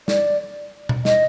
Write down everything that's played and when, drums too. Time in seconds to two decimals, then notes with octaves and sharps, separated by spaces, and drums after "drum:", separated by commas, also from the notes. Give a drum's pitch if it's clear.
0.08 D5, drum: snare
0.89 drum: tom B2
1.05 D#5, drum: snare